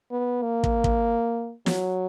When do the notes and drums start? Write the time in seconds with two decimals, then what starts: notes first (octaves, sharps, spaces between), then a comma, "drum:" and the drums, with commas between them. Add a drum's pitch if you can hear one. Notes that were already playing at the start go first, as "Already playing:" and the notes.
0.11 B3
0.42 A#3
0.64 drum: kick
0.84 drum: kick
1.66 F#3, drum: snare